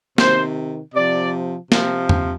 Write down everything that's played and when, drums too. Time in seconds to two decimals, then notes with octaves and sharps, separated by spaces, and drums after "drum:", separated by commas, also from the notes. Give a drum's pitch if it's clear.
0.18 C3 D#3 C5, drum: snare
0.95 C3 F3 D5
1.72 C3 F3, drum: snare
2.09 drum: tom E2